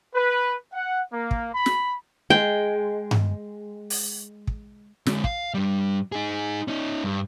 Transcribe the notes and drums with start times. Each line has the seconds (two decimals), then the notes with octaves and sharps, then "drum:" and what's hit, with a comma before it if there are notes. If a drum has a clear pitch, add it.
0.14 B4
0.73 F#5
1.12 A#3
1.31 drum: kick
1.54 B5
1.66 drum: snare
2.30 G#3 G5
3.11 drum: tom G2
3.90 drum: open hi-hat
4.47 drum: kick
5.06 D3 G#3, drum: snare
5.24 F5, drum: kick
5.54 G2 G3
6.12 D#4 G#4
6.68 C#4 D#4
7.03 G2